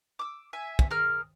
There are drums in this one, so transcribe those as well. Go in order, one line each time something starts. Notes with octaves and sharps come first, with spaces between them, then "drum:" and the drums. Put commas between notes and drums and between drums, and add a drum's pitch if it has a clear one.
D6 E6
E5 G#5
drum: kick
G#4 A#4 F6